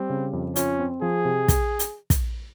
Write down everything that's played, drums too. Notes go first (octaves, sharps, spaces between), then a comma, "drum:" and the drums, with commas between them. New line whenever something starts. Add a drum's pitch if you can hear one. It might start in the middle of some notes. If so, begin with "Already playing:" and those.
Already playing: G3 C4
C#3
F2
C#4 F4, drum: hi-hat
C4
F3 G#4
C3
drum: kick, hi-hat
drum: hi-hat
drum: kick, hi-hat